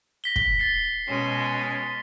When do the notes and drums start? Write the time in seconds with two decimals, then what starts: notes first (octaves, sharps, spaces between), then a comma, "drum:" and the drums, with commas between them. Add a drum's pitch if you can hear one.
0.24 A#6 B6 G7
0.36 drum: kick
0.60 A6 C7
1.08 B2 G#3 C#4